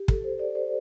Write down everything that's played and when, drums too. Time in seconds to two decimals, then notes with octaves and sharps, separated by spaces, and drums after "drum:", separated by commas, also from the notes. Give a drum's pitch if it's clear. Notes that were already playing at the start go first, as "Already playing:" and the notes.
Already playing: G4
0.08 A4, drum: kick
0.24 C5
0.39 D5
0.55 C5